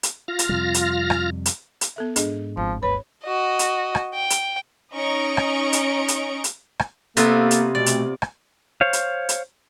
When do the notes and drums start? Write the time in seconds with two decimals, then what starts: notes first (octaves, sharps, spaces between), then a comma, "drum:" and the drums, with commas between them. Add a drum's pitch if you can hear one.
0.03 drum: hi-hat
0.28 F4 F6 A#6
0.39 drum: hi-hat
0.49 F2 C3 G3
0.74 drum: hi-hat
1.10 drum: rim click
1.46 drum: hi-hat
1.81 drum: hi-hat
1.96 B3 A4 E5
2.16 G#2 D4 G#4 D#5, drum: hi-hat
2.57 G#1 F3
2.83 G1 D2 B4 C#5
3.24 F#4 D#5
3.59 drum: hi-hat
3.95 drum: rim click
4.14 G5
4.30 drum: hi-hat
4.95 C#4 D#4 D#5 A#5 C#6 D7
5.37 drum: rim click
5.73 drum: hi-hat
6.08 drum: hi-hat
6.44 drum: hi-hat
6.79 drum: rim click
7.17 C3 A#3 B3 F4 A4, drum: hi-hat
7.51 drum: hi-hat
7.75 B2 A3 C4 D5
7.86 drum: hi-hat
8.22 drum: rim click
8.81 C5 C#5 F5
8.93 drum: hi-hat
9.29 drum: hi-hat